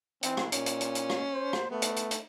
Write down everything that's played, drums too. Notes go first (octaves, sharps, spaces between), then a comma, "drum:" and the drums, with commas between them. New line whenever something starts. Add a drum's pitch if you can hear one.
E3 C4, drum: hi-hat
drum: rim click
A#2 C#4, drum: hi-hat
drum: hi-hat
drum: hi-hat
drum: hi-hat
drum: rim click
C5
drum: rim click
A3 B3
drum: hi-hat
drum: hi-hat
drum: hi-hat